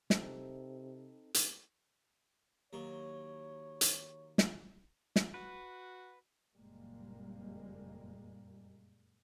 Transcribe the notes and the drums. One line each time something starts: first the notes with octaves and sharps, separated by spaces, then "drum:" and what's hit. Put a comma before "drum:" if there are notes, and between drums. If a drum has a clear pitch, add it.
C3 C4 D#4 A4, drum: snare
drum: hi-hat
D#2 F#3 C#5 C#6
drum: hi-hat
drum: snare
drum: snare
F#4 B4
F#1 F2 A#2 G3 G#3 A#3